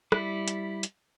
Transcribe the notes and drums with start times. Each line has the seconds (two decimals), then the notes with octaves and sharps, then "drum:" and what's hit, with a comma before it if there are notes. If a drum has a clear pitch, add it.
0.12 G3 E4, drum: rim click
0.48 drum: hi-hat
0.83 drum: hi-hat